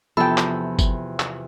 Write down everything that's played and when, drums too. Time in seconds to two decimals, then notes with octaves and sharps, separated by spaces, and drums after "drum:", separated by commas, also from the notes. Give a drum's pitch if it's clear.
0.17 E2 C3 F3 B3 F4 A4 G5 B5
0.38 drum: clap
0.79 drum: kick G1, tambourine
1.20 drum: clap